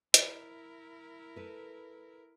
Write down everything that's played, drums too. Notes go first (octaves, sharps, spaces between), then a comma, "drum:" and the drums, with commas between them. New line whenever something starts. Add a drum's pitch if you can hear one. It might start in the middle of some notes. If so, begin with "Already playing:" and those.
E4 A#4, drum: hi-hat
A4 B4